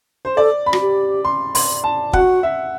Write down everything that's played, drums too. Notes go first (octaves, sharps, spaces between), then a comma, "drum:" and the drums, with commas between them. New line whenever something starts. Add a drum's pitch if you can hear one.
C5
A4 D5
B5
F#4, drum: rim click
G4
C6
C6, drum: open hi-hat
A5
F#4 F#5, drum: kick
E5